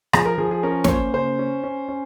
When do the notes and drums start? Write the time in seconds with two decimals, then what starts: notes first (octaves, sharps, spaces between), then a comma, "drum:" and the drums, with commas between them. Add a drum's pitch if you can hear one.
0.13 F3 G#4, drum: rim click
0.26 A#4
0.38 F3 G#4
0.51 G#4
0.63 C#4 A#4
0.84 C#5, drum: snare
0.88 A#3 C5
1.14 C#3 C5
1.39 C#4
1.63 C#4
1.88 C#4